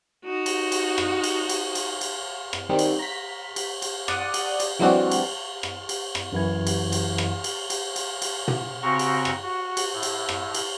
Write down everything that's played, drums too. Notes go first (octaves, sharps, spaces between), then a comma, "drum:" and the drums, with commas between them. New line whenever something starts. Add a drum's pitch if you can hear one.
D#4 F#4
drum: cymbal
drum: cymbal
drum: rim click
drum: cymbal
drum: cymbal
drum: cymbal
drum: cymbal
drum: rim click
D#3 G3 C4 D#4
drum: cymbal
A#5 B6
drum: cymbal
drum: cymbal
D5 F#5 D#6, drum: rim click
drum: cymbal
drum: cymbal
E3 F#3 G#3 C4 D4 F#4
drum: cymbal
drum: rim click
drum: cymbal
drum: rim click
F#2 E3 E4 G#6
drum: cymbal
drum: cymbal
drum: rim click
drum: cymbal
drum: cymbal
drum: cymbal
drum: cymbal
drum: tom
C#3 C4 F#4 A#5 C#6
drum: cymbal
drum: rim click
F#4
drum: cymbal
A2
drum: cymbal
drum: rim click
drum: cymbal